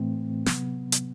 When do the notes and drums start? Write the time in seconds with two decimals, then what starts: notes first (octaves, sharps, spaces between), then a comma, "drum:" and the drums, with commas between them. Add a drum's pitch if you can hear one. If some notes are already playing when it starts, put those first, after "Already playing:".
Already playing: A2 E3 A3 C4
0.46 C3 F#3 B3, drum: snare
0.92 drum: hi-hat